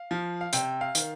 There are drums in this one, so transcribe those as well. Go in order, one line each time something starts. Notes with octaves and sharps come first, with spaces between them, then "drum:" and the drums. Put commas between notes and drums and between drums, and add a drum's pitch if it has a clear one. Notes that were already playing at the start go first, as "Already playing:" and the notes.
Already playing: F5
F3
F5
C3 G5, drum: hi-hat
F5
D#3, drum: hi-hat